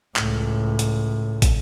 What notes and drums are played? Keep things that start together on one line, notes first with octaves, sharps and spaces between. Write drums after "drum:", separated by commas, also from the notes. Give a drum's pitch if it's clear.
C#2 A2, drum: clap
drum: hi-hat
drum: kick, hi-hat